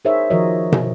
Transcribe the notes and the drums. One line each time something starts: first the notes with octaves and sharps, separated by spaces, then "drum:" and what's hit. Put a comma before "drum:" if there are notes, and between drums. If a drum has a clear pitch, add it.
D#4 G#4 A#4 C5 C#5 E5
D#3 F3 F#4 A#4 C#5 D#5
drum: tom